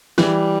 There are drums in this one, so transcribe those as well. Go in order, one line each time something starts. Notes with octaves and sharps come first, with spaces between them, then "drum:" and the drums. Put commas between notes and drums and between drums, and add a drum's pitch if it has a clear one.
E3 G3, drum: snare